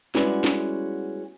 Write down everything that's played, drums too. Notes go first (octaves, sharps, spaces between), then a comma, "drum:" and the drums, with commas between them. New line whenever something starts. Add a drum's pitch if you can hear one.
G3 G#3 B3 C#4 E4 F#4, drum: snare
drum: snare